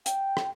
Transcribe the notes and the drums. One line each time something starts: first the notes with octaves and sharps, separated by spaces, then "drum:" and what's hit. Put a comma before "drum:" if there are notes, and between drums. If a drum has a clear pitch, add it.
G5, drum: hi-hat
drum: rim click